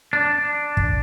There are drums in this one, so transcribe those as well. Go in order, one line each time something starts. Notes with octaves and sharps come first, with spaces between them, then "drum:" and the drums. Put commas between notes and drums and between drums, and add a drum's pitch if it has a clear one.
D4
drum: kick